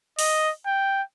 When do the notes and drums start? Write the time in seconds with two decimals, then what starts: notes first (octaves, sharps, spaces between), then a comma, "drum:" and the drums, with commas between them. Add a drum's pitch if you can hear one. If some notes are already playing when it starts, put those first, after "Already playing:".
0.19 D#5, drum: open hi-hat
0.66 G5